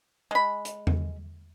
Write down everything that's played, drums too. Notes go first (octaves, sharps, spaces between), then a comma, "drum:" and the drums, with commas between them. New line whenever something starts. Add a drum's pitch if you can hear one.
G#3 B5
drum: hi-hat
drum: tom E2